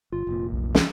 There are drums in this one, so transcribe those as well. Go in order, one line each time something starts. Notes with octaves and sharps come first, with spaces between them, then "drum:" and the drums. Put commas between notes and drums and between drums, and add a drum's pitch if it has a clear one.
G1 F4
F1 A#2
B1
drum: snare